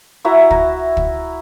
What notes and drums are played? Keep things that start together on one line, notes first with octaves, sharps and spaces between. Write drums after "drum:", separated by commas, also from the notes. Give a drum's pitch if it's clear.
E4 F#4 E5 A#5
A#5, drum: kick
drum: kick